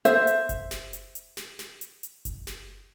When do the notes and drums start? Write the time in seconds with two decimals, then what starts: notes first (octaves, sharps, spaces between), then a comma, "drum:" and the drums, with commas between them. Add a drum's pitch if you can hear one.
0.05 C5 E5, drum: hi-hat
0.27 drum: hi-hat
0.49 drum: kick F#1, hi-hat
0.71 drum: snare
0.93 drum: hi-hat
1.15 drum: hi-hat
1.37 drum: snare
1.59 drum: snare
1.81 drum: hi-hat
2.03 drum: hi-hat
2.25 drum: kick F#1, hi-hat
2.47 drum: snare